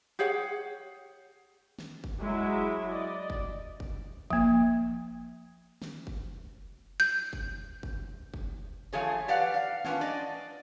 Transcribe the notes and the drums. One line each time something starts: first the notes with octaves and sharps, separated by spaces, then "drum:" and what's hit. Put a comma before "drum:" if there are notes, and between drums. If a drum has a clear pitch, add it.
G4 G#4 C#5 F#5
drum: snare
drum: kick
F#3 G#3 E4 E5
D5 D#5
drum: kick
drum: kick
F3 A#3, drum: kick
drum: snare
drum: kick
G6
drum: kick
drum: kick
drum: kick
F3 A3 G#4 C#5
G4 B4 D5 F5 F#5
F5
C#4 D4 F4 B4, drum: snare
D5 D#5